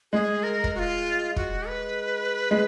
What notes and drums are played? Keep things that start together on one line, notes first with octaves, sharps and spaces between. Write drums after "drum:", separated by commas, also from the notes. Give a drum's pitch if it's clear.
G#3 G#4
A#4
drum: kick
F#4
F4
F#4, drum: kick
B4
G#3